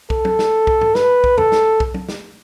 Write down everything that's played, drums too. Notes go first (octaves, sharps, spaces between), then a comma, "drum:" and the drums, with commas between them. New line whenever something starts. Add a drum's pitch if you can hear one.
A4, drum: kick
drum: tom
drum: snare
drum: kick
drum: tom G#2
B4, drum: snare
drum: kick
A4, drum: tom E2
drum: snare
drum: kick
drum: tom
drum: snare